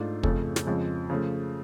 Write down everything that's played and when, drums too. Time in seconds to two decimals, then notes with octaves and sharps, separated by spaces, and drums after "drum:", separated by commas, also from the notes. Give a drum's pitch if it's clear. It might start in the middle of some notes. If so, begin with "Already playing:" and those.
Already playing: G#2 A3 D4 F4
0.23 F2 C#3 F3 A3 C#4, drum: kick
0.56 drum: snare
0.66 F2 C#3 F3 G#3
1.10 C#3 F3 A3